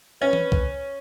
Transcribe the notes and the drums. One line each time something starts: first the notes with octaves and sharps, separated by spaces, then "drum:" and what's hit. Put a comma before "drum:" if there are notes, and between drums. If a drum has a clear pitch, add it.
C#4 B4
drum: tom E3
drum: kick